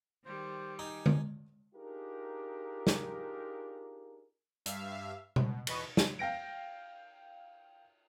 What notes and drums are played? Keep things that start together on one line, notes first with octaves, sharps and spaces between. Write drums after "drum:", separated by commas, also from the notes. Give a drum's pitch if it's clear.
D#3 G3 C5
D#4 G#5
drum: tom D3
D4 D#4 F4 G4 G#4 A#4
drum: snare
G2 E5 F5, drum: hi-hat
B2, drum: tom B2
E2 B2 B4 D#5 B5 C#6, drum: cymbal
drum: snare
F5 G5 A#6 D7